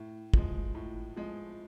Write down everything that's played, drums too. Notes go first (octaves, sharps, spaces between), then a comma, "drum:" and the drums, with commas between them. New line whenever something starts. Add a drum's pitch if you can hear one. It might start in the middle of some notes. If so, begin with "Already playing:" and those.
Already playing: A2
F3 G#3, drum: kick
A2
F3 G#3